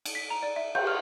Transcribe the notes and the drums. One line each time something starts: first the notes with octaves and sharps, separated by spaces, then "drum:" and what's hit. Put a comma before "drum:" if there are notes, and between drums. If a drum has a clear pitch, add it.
drum: cymbal
B6
A#5
D5
E5
G6, drum: cymbal
F6